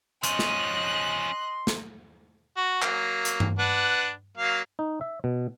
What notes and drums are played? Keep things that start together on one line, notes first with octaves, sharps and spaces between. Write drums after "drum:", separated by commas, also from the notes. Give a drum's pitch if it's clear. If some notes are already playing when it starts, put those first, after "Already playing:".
F3 C#4 D#5 C6 F#6, drum: hi-hat
drum: snare
drum: snare
F#4
F#3 A#3, drum: clap
drum: hi-hat
drum: tom G2
D4 B4 F#5
F#3 A#3 F5
D#4
E5
B2